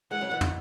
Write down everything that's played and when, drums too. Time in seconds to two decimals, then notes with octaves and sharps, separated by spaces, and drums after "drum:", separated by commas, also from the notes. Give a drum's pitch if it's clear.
0.11 E3 G#3 F#5
0.21 C#3 F#3
0.31 B2 E3
0.41 drum: tom